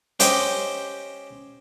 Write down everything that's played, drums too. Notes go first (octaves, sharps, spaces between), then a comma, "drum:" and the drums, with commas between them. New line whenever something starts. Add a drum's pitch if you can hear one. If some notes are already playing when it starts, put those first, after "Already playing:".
C#4 G4 C5 D#5, drum: hi-hat